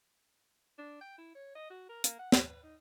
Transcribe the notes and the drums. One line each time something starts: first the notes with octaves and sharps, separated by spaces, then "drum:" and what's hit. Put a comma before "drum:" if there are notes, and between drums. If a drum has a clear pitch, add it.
D4
G5
E4
C#5
D#5
F#4
A#4
A#3, drum: hi-hat
F#5
A3, drum: snare
B4
D#4